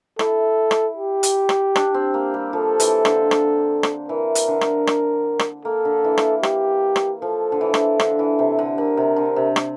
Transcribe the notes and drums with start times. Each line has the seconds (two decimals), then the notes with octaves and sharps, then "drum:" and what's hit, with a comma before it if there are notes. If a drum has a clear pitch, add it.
0.19 E4 A4, drum: rim click
0.71 drum: rim click
0.97 G4
1.23 drum: hi-hat
1.49 drum: rim click
1.76 D4, drum: rim click
1.94 C4
2.14 A#3
2.34 G3
2.53 F3 A4
2.80 E3, drum: hi-hat
3.05 D3, drum: rim click
3.31 drum: rim click
3.83 drum: rim click
4.09 E3 A#4
4.35 drum: hi-hat
4.48 D3
4.61 drum: rim click
4.87 drum: rim click
5.39 drum: rim click
5.65 A#3 A4
5.85 D3
6.04 E3
6.18 drum: rim click
6.43 G4, drum: rim click
6.96 drum: rim click
7.22 F3 A4
7.52 D3
7.61 E3
7.74 drum: rim click
8.00 D3, drum: rim click
8.19 E3
8.39 C3
8.59 D3
8.78 D3 A#4
8.97 C3
9.16 D3
9.36 C3
9.56 drum: rim click